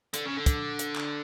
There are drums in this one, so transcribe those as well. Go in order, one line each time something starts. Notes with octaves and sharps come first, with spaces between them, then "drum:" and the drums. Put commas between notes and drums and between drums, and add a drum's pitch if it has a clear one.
D3, drum: hi-hat
C#3
D3
drum: kick, hi-hat
drum: hi-hat
drum: clap